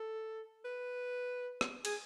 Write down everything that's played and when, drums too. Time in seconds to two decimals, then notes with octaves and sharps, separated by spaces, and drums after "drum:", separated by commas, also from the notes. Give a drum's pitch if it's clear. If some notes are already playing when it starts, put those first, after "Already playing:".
Already playing: A4
0.65 B4
1.61 drum: rim click
1.85 G#4, drum: cymbal